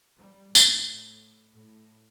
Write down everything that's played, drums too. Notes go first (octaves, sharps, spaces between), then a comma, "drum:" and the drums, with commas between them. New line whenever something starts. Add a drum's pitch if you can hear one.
G3
A2, drum: tambourine
A2